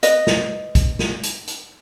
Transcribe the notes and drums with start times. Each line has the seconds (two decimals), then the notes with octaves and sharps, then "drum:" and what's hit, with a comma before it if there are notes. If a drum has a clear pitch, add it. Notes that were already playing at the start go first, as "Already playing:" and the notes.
0.03 B4 D#5, drum: hi-hat
0.27 drum: snare
0.75 drum: kick, hi-hat
0.99 drum: snare
1.23 drum: hi-hat
1.47 drum: hi-hat